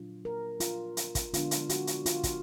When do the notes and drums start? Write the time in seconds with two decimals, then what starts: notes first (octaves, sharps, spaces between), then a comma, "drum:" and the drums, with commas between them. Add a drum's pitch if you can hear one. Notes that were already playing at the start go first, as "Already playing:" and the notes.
Already playing: A#2 F#3 D4 F4
0.25 A#4
0.60 F4, drum: hi-hat
0.97 drum: hi-hat
1.15 drum: kick, hi-hat
1.34 D3 G#3 B3 D4 F4, drum: hi-hat
1.51 drum: hi-hat
1.69 F#4, drum: hi-hat
1.87 drum: hi-hat
2.06 F4, drum: hi-hat
2.23 drum: kick, hi-hat